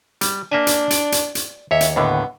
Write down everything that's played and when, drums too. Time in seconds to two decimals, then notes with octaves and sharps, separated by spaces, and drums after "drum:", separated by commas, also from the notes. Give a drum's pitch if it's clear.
0.21 G3, drum: hi-hat
0.52 A#3 D4 E5 G#5
0.67 drum: hi-hat
0.91 D5, drum: hi-hat
1.12 drum: hi-hat
1.35 drum: hi-hat
1.71 D#2 C#5 E5
1.81 drum: hi-hat
1.96 D#2 A2 D3 B3